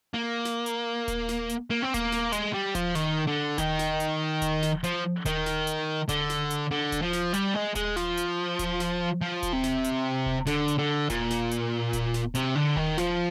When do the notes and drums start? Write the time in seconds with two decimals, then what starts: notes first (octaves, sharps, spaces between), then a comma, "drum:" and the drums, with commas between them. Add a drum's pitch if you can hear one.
0.14 A#3
0.45 drum: snare
0.66 drum: hi-hat
1.08 drum: kick D#1, hi-hat
1.29 drum: snare
1.49 drum: hi-hat
1.70 A#3
1.82 C4
1.94 A#3, drum: kick D#1, hi-hat
2.12 drum: snare
2.32 G#3, drum: hi-hat
2.54 G3
2.75 F3, drum: kick D#1, hi-hat
2.95 D#3, drum: snare
3.27 D3
3.58 D#3, drum: kick D#1, hi-hat
3.79 drum: snare
4.00 drum: hi-hat
4.42 drum: kick D#1, hi-hat
4.63 drum: snare
4.84 F3, drum: hi-hat
5.25 D#3, drum: kick D#1, hi-hat
5.46 drum: snare
5.67 drum: hi-hat
6.09 D3, drum: kick D#1, hi-hat
6.30 drum: snare
6.50 drum: hi-hat
6.71 D3
6.92 drum: kick D#1, hi-hat
7.03 F3
7.13 drum: snare
7.34 G3, drum: hi-hat
7.55 G#3
7.75 G#3, drum: kick D#1, hi-hat
7.97 F3, drum: snare
8.17 drum: hi-hat
8.59 drum: kick D#1, hi-hat
8.80 drum: snare
9.21 F3
9.43 drum: kick D#1, hi-hat
9.53 C3
9.63 drum: snare
9.84 drum: hi-hat
10.26 drum: kick D#1
10.47 D3, drum: snare
10.68 drum: hi-hat
10.78 D3
11.10 A#2, drum: kick D#1, hi-hat
11.30 drum: snare
11.51 drum: hi-hat
11.93 drum: kick D#1, hi-hat
12.14 drum: snare
12.35 C3, drum: hi-hat
12.56 D3
12.76 D#3, drum: kick D#1
12.98 F3, drum: snare